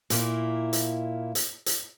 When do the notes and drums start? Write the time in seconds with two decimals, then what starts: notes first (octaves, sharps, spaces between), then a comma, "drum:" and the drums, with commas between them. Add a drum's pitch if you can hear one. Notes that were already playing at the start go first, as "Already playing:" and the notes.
0.10 A#2 A#3 E4, drum: hi-hat
0.73 drum: hi-hat
1.35 drum: hi-hat
1.66 drum: hi-hat